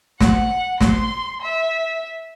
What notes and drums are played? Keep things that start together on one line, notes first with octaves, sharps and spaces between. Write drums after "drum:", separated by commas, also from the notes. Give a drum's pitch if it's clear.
F#5, drum: snare
C6, drum: snare
E5